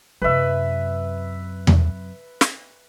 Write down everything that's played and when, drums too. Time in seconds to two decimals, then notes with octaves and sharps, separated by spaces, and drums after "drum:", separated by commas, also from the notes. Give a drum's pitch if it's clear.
0.22 F#2 C3 B4 E5
1.67 drum: tom E2
2.41 drum: snare